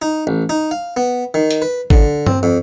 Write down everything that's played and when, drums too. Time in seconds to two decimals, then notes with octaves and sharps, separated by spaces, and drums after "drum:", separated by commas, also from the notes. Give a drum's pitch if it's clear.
0.02 D#4
0.27 A1
0.49 D#4
0.71 F5
0.97 B3
1.34 D#3
1.51 drum: hi-hat
1.62 B4
1.90 D3, drum: kick G#1
2.27 C4, drum: tom G2
2.43 F2